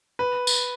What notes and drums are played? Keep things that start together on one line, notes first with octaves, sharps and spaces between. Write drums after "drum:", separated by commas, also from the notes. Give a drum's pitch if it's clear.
B4
drum: tambourine